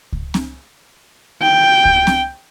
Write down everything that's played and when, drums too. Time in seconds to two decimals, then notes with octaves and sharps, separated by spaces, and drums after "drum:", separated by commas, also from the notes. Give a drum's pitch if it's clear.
0.12 drum: kick C#2
0.34 drum: snare C4
1.42 G5
1.85 drum: kick C#2
2.07 drum: snare C4